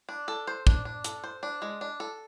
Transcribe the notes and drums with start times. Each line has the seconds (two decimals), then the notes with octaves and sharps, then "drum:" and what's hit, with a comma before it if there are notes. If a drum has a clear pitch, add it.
0.09 D4
0.28 A4
0.47 C5
0.67 D4, drum: kick
0.85 D4
1.04 A4, drum: hi-hat
1.24 C5
1.43 D4
1.62 G#3
1.81 D4
2.00 A4